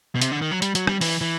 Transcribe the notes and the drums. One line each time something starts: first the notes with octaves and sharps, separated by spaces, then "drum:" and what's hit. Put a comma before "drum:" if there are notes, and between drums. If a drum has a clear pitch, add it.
B2
C3, drum: hi-hat
D3
D#3
F#3
G3, drum: hi-hat
F#3, drum: hi-hat
G3, drum: rim click
E3, drum: open hi-hat
E3